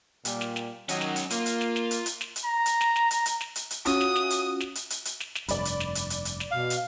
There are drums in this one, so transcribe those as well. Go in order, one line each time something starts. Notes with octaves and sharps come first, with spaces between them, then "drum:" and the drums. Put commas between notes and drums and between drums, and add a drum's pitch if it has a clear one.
A#2 G3, drum: hi-hat
drum: snare
drum: snare
D#3 F#3 C#4 D#5, drum: hi-hat
drum: snare
drum: hi-hat
A#3 F4, drum: hi-hat
drum: hi-hat
drum: snare
drum: snare
drum: hi-hat
drum: hi-hat
drum: snare
drum: hi-hat
A#5
drum: hi-hat
drum: snare
drum: snare
drum: hi-hat
drum: hi-hat
drum: snare
drum: hi-hat
drum: hi-hat
C#4 F4 F#4 E5 D#6, drum: hi-hat
drum: snare
drum: snare
drum: hi-hat
drum: snare
drum: hi-hat
drum: hi-hat
drum: hi-hat
drum: snare
drum: snare
F1 G2 D5 B5, drum: hi-hat
drum: hi-hat
drum: snare
drum: hi-hat
drum: hi-hat
drum: hi-hat
drum: snare
B2 F5
drum: hi-hat